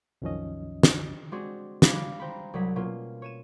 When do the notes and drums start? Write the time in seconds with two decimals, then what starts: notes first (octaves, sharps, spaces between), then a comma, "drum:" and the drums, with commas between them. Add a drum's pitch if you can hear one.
0.22 C2 F#2 D#3 F3 C#4 D#5
0.83 drum: snare
1.32 G#3 C4 D4 F#4 G#4
1.82 G3 G#4 F5 B5 D6 G#6, drum: snare
2.20 C5 G5 A#5 B5
2.54 C2 F#3 G3 G#4 B6
2.76 B2 A#3 C#4 F4
3.22 C#5 D#7 E7